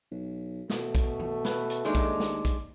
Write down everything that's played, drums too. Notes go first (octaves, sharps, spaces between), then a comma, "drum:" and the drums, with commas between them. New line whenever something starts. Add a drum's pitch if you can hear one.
B1
B2 A3, drum: snare
drum: kick B1, hi-hat
drum: tom F#2
B4, drum: snare
drum: hi-hat
D#2 G#3 D4 D#4
drum: kick B1, hi-hat
drum: snare
drum: kick B1, hi-hat